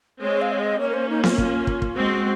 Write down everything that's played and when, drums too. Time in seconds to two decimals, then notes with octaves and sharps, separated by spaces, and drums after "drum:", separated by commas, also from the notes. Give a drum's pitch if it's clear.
0.22 G#3 C4 C#5
0.42 F5
0.52 C#5
0.60 D#5
0.79 A#3 C#4 C#5
0.89 A#4
0.94 C5
1.09 D#4
1.24 F4, drum: snare B3
1.38 F4, drum: kick
1.67 drum: kick
1.82 drum: kick
1.96 G#3 C4 F#4